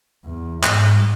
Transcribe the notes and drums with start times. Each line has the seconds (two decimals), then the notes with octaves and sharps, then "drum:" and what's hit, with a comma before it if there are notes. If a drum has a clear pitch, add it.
0.25 E2
0.63 G#2, drum: clap